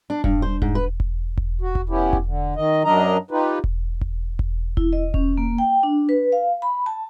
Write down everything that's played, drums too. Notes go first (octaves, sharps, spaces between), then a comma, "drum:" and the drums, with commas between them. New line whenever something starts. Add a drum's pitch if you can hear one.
D4
G2, drum: kick E1
C5
G#2, drum: kick E1
B4
drum: kick E1
drum: kick E1
F#4
drum: kick E1
B3 C#4 E4 G4
drum: kick E1
D3
D#3 D#5
F#2 F#3 D4 A#4 D#5 A#5
D#4 F4 G4 B4
drum: kick E1
drum: kick E1
drum: kick E1
E4, drum: kick E1
D#5
C#4, drum: kick E1
A#3
G5
D4
B4
F5
B5
A5